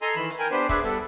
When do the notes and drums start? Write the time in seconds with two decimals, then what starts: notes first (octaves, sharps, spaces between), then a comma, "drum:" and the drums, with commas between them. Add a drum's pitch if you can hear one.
0.02 A4 D#5 G#5 A#5 C6
0.16 D#3 E3 B5 E6
0.30 drum: hi-hat
0.39 A#4 G5 G#5
0.51 B3 D4 G4 B4 C5
0.69 D4 G#4 B4 E5 F#5 D6, drum: kick, hi-hat
0.84 G3 B3 A4, drum: hi-hat